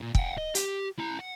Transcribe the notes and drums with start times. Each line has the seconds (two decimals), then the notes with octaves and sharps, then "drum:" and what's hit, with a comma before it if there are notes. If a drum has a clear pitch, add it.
0.01 A#2
0.15 F#5 G5, drum: kick
0.38 D#5
0.55 G4, drum: hi-hat
0.98 E4 A#5
1.19 F#5